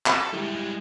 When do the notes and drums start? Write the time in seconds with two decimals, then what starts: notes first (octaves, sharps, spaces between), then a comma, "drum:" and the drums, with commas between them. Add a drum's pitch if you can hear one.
0.06 A4, drum: clap
0.33 G3 G#3 E4 G4